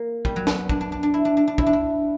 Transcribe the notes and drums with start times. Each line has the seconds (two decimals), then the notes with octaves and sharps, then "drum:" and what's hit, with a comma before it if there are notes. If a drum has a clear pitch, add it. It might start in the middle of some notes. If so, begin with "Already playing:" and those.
Already playing: A#3
0.25 G3, drum: kick
0.36 F#3
0.47 B3, drum: snare
0.69 D4, drum: kick
0.81 D4
0.92 D4
1.03 D4
1.14 E4
1.25 D4
1.37 D4
1.48 D4
1.58 E4, drum: kick
1.66 D4
1.73 E4